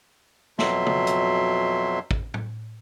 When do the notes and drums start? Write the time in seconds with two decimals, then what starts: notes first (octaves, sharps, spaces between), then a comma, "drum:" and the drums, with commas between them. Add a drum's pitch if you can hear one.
0.59 F2 B2 F#3 E5 C6, drum: snare
0.86 drum: tom
1.07 drum: hi-hat
2.11 drum: kick
2.34 drum: tom